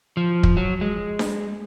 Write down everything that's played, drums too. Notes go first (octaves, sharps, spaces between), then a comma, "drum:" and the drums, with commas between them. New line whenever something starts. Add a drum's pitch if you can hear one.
F3
drum: kick
F#3
G#3
drum: snare D4